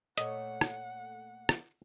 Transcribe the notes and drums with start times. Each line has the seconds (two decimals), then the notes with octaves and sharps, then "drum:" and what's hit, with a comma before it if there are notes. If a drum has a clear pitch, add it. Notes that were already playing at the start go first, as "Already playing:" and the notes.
0.18 A#2 A3 C#5 D#5 F#5, drum: hi-hat
0.61 drum: rim click
1.49 drum: rim click